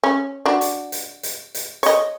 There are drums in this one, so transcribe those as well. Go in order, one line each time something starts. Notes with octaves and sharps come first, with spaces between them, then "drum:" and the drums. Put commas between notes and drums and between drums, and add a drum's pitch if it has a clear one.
C#4
D4 F#4
drum: hi-hat
drum: hi-hat
drum: hi-hat
drum: hi-hat
C#5 D#5, drum: hi-hat